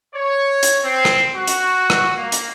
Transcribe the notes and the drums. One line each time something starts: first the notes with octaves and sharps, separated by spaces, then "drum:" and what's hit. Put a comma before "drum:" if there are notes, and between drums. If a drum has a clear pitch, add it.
C#5
drum: hi-hat
C4
drum: rim click
F#4
drum: hi-hat
drum: rim click
A#3
drum: hi-hat